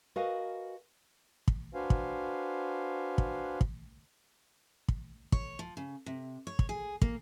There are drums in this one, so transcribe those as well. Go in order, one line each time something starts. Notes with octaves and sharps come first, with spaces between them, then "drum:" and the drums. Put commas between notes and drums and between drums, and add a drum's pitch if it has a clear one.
F#4 A#4 B4 D#5 F5 G#5
drum: kick
D4 F#4 B4 C5 F5 G#5
drum: kick
drum: kick
drum: kick
drum: kick
C#5, drum: kick
F3
C#3
C3
C#5
drum: kick
G#4
A#3, drum: kick